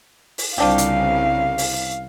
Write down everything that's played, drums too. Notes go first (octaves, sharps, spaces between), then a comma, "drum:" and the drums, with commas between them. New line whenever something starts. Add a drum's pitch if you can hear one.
drum: open hi-hat
C2 C#3 F3 D4 G4 F5
drum: hi-hat
drum: open hi-hat